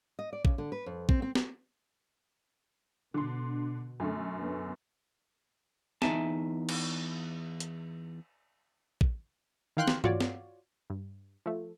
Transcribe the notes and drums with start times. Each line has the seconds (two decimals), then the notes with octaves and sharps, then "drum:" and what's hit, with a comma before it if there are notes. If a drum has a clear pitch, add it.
0.19 D#5
0.33 D5
0.45 C#3, drum: kick
0.58 D3
0.72 B4
0.86 F2
1.09 C4, drum: kick
1.22 C4
1.35 drum: snare
3.14 B2 D3 C6
4.00 F#2 D3 A3
4.37 F#3 B3
6.02 E2 D4 D#4 E5 G#5 A5, drum: snare
6.69 drum: cymbal
7.60 drum: hi-hat
9.01 drum: kick
9.77 D#3 E3 F5 G5 C6 F#6
9.88 drum: snare
10.04 F4 F#4 C#5 D5, drum: tom G2
10.20 drum: snare
10.90 G2
11.46 F3 A3